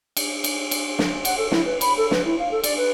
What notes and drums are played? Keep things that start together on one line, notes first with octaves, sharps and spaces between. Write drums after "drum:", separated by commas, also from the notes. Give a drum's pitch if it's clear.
drum: cymbal
drum: cymbal
drum: cymbal
drum: snare
F#5, drum: cymbal
A4
E4, drum: snare
B4
B5, drum: cymbal
A4
B4, drum: snare
E4
F5
A4
D5, drum: cymbal
B4